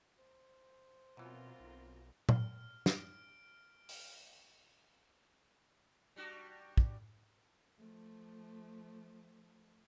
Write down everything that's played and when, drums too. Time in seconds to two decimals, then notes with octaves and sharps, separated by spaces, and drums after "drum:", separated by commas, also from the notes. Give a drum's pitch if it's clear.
0.18 C5
1.17 F#2 B2 E3 C4 F4 A#4
1.60 B1
2.29 F6, drum: tom A#2
2.86 D7, drum: snare
3.89 drum: open hi-hat
6.16 G3 D4 F#4
6.77 drum: kick
7.80 F3 A3